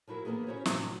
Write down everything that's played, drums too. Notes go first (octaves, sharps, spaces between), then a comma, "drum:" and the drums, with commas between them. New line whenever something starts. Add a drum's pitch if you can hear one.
F3 F#3 E4 F#4 A#4
D3 E3 A#3 B3 F4 G#4
C#4 E4 F#4 C5 C#5
A2 C3 G#3 D4 F4 F#4, drum: snare